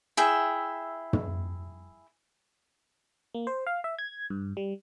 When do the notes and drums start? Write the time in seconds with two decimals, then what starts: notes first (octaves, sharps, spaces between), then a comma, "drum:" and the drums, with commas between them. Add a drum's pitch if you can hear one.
0.17 E4 G#4 E5 G5
1.13 drum: tom
3.34 A#3
3.47 C5
3.67 F5
3.84 E5
3.99 G#6
4.30 G2
4.57 G3